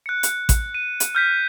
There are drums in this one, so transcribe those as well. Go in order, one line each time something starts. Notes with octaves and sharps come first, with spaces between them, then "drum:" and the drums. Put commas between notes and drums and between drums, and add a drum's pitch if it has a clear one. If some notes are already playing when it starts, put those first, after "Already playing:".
F#6 C#7
drum: hi-hat
drum: kick A1, hi-hat
D#7
drum: hi-hat
F6 G6 B6